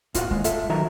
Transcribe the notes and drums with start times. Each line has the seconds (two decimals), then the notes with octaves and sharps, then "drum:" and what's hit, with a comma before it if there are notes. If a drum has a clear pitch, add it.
0.14 A2 F4 F#4 F5 F#5, drum: kick, hi-hat
0.30 D#2 G#3, drum: kick
0.44 F4 A4 E5, drum: hi-hat
0.69 D#3 F#3 E5 A#5